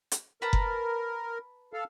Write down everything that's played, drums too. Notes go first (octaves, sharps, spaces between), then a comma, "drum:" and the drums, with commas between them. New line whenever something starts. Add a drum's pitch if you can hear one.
drum: hi-hat
A#4 B4 A5 A#5
drum: kick F#1
A4 F5